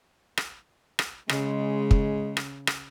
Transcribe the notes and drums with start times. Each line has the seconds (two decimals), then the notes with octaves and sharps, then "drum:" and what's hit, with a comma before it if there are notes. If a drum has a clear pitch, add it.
0.37 drum: rim click
0.99 drum: rim click
1.29 C#3 G#3, drum: rim click
1.91 drum: kick
2.37 drum: rim click
2.67 drum: rim click